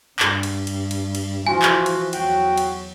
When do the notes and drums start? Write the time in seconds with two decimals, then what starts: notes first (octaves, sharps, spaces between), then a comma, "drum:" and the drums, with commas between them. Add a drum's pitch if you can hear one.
0.19 G2, drum: clap
0.43 drum: cymbal
0.67 drum: cymbal
0.91 drum: cymbal
1.15 drum: cymbal
1.47 E3 F3 F4 F#4 G#5
1.62 drum: clap
1.86 drum: cymbal
2.13 E2 F#3 F#4 G5, drum: cymbal
2.58 drum: cymbal